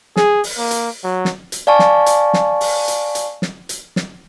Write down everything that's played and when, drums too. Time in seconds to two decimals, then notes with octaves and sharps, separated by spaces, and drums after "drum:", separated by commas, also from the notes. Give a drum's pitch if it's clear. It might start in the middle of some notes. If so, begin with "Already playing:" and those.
0.16 G#4, drum: snare
0.44 drum: open hi-hat
0.58 A#3
0.71 drum: hi-hat
1.03 F#3
1.25 drum: snare
1.52 drum: hi-hat
1.67 D5 F5 G#5 A5 C#6
1.79 drum: snare
2.06 drum: hi-hat
2.33 drum: snare
2.61 drum: open hi-hat
2.88 drum: hi-hat
3.15 drum: hi-hat
3.42 drum: snare
3.69 drum: hi-hat
3.96 drum: snare